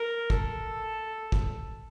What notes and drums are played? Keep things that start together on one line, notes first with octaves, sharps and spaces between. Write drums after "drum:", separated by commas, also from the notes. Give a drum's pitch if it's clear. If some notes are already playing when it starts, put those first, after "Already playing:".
Already playing: A#4
A4, drum: kick
drum: kick